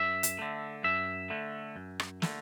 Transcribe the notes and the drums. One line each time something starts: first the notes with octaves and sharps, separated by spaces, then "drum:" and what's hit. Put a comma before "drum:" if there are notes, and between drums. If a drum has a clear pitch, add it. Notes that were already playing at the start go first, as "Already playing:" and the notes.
Already playing: F#2 E5
drum: hi-hat
D3 A3
F#2 E5
D3 A3
F#2
drum: rim click
D3 A3, drum: snare